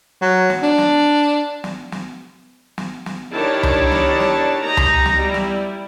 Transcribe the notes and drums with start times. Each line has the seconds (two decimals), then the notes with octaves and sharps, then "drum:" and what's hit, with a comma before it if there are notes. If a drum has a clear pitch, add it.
0.21 F#3
0.50 drum: snare
0.62 D4
0.78 drum: snare
1.64 drum: snare
1.92 drum: snare
2.78 drum: snare
3.06 drum: snare
3.33 D#3 D4 E4 G4 C#5 A5
3.63 drum: tom C#2
3.92 drum: snare
4.20 drum: snare
4.62 D#4 G4 A#5
4.77 drum: tom C#2
5.06 drum: snare
5.20 G3 E4
5.34 drum: snare